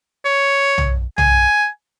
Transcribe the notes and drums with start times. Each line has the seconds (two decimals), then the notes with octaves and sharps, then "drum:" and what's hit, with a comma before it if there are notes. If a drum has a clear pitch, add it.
0.25 C#5
0.78 drum: tom B1
1.18 G#5, drum: tom B1